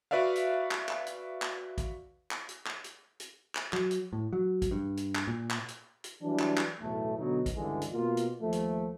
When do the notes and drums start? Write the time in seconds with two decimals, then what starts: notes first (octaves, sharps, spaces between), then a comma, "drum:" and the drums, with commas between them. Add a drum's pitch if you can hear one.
0.11 F#4 B4 D5 E5 F5
0.36 drum: hi-hat
0.71 drum: clap
0.89 drum: clap
1.07 drum: hi-hat
1.42 drum: clap
1.78 drum: kick, hi-hat
2.31 drum: clap
2.49 drum: hi-hat
2.66 drum: clap
2.84 drum: hi-hat
3.20 drum: hi-hat
3.55 drum: clap
3.73 F#3, drum: clap
3.91 drum: hi-hat
4.13 A2
4.33 F#3
4.62 drum: kick, hi-hat
4.71 G2
4.97 drum: hi-hat
5.15 drum: clap
5.27 A#2
5.51 drum: clap
5.68 drum: hi-hat
6.04 drum: hi-hat
6.22 E3 F#3 G3 D4
6.39 drum: clap
6.57 drum: clap
6.80 B1 E2 A2 A3
7.18 B2 D3 F#3 B3 D#4
7.46 drum: kick, hi-hat
7.55 C#2 G2 D3 E3 G#3
7.82 drum: hi-hat
7.92 B2 A#3 F4
8.17 drum: hi-hat
8.41 D#2 F3 A3
8.53 drum: hi-hat